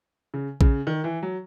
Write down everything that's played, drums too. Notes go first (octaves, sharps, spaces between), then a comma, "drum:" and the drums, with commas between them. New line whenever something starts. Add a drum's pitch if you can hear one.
C#3
C#3, drum: kick A#1
D#3
E3
F#3